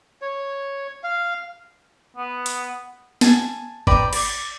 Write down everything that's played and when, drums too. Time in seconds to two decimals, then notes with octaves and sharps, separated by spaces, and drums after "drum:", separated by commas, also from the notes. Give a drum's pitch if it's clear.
0.22 C#5
1.03 F5
2.16 B3
2.46 drum: hi-hat
3.21 G#5 A5, drum: snare
3.87 B4 D5 G5 A#5, drum: kick G1
4.13 D5, drum: cymbal